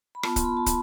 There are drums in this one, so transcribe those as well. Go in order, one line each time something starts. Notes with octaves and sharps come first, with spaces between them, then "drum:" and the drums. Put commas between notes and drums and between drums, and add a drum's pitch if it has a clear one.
B5
B3 F4 A5, drum: rim click
C6, drum: kick, hi-hat
B5
A5
B5, drum: kick, hi-hat